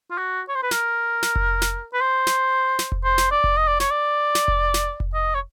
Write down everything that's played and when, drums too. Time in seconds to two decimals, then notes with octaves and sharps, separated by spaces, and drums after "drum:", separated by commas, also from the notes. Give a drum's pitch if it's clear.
0.11 F4
0.18 F#4
0.49 C#5
0.55 C5
0.63 B4
0.71 A#4, drum: snare
1.23 drum: snare
1.36 drum: kick F1
1.62 drum: snare
1.94 B4
2.01 C5
2.27 drum: snare
2.79 drum: snare
2.92 drum: kick F1
3.04 C5
3.18 drum: snare
3.31 D5
3.44 drum: kick F1
3.57 D#5
3.68 D5
3.80 C#5, drum: snare
3.91 D5
4.35 drum: snare
4.48 drum: kick F1
4.74 drum: snare
5.00 drum: kick F1
5.14 D#5
5.35 C#5